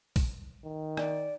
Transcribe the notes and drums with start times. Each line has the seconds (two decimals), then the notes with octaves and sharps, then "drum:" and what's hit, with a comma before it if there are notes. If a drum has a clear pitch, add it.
0.16 drum: kick, open hi-hat
0.65 D#3
0.97 D5, drum: rim click